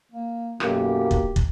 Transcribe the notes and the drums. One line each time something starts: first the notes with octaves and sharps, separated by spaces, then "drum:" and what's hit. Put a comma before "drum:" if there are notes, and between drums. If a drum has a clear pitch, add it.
A#3
B1 F#2 A#3 G4, drum: rim click
drum: kick
drum: kick